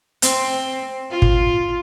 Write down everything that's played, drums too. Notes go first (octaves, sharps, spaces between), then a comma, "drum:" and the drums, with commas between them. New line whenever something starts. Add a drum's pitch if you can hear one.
C4, drum: hi-hat
F4
drum: kick